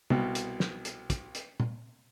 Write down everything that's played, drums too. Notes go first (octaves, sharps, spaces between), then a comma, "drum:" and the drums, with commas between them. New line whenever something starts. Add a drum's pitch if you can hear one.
C2 B2, drum: tom
drum: hi-hat
drum: snare
drum: hi-hat
drum: kick, hi-hat
drum: hi-hat
drum: tom